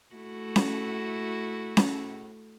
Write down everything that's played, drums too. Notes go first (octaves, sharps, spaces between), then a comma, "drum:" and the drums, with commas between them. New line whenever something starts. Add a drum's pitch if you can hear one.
A3 E4 F#4
drum: snare C#4
drum: snare C#4